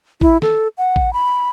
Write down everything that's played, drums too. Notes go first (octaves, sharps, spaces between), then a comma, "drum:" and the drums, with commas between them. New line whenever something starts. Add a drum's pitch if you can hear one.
E4, drum: kick A1
A4, drum: snare
F#5
drum: kick A1
B5